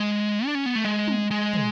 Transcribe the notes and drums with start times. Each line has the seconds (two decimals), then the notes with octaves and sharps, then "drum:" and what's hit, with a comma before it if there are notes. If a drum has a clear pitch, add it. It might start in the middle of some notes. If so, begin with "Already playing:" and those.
Already playing: G#3
0.46 D4
0.55 C#4
0.66 B3
0.75 A3
0.85 G#3
1.08 drum: tom
1.31 G#3
1.53 drum: tom